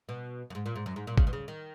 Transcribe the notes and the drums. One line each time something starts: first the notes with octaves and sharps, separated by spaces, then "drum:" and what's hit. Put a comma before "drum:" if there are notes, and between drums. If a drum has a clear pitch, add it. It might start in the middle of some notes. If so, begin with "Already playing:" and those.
B2
F#2
G#2
A#2
G#2
F#2
G#2
A#2
C#3, drum: kick G#1
B2
C#3
D#3